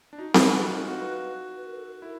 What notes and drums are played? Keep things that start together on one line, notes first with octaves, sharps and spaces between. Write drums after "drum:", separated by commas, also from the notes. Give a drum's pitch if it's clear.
D4
D#4 F#4
D#4, drum: snare C4
B4
F#4
F4 A#4
A4
F#4 A#4
B4
B4
A#4
A4
A#4
E4